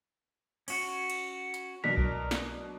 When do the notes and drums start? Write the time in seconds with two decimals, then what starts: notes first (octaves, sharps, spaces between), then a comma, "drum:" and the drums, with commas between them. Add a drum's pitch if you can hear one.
0.68 C#4 F#4, drum: cymbal
1.10 drum: cymbal
1.54 drum: hi-hat
1.84 B2 F#3 D4 A#4 B6
1.97 drum: kick B1
2.31 drum: snare